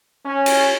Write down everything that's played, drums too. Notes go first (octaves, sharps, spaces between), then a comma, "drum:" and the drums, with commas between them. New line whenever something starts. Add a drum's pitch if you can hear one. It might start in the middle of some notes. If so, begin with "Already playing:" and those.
C#4
drum: cymbal